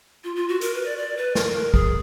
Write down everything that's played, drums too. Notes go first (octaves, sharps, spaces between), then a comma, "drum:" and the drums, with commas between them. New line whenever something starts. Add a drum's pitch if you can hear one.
F4
F4
F#4
A#4, drum: hi-hat
B4
D5
D5
B4
A#4, drum: snare
G#4, drum: kick